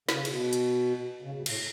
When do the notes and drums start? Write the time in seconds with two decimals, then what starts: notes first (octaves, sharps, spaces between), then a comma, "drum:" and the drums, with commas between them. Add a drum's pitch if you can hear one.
0.09 C#3, drum: snare
0.25 B2, drum: cymbal
0.53 drum: hi-hat
1.22 C#3
1.34 B2
1.46 A2, drum: cymbal